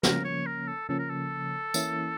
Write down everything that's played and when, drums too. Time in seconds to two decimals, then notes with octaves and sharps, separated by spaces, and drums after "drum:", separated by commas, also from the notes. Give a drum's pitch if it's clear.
0.03 C#3 F3 A#3 C#4 A#4, drum: snare
0.25 C#5
0.46 A#4
0.68 A4
0.89 C#3 F3 A#3 C#4 A4
0.99 A#4
1.10 A4
1.74 E3 A#3 C#4 E4, drum: tambourine